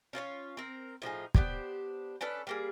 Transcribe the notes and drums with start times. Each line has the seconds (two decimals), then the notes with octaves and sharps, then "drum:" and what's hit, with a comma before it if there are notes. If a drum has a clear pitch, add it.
0.13 C#4 F4 B4 C#5
0.57 C4 A#4
1.02 A2 F3 D#4 G#4
1.35 B3 D4 G4 C5, drum: kick
2.21 C#4 D4 A4 B4
2.47 G3 A#3 G#4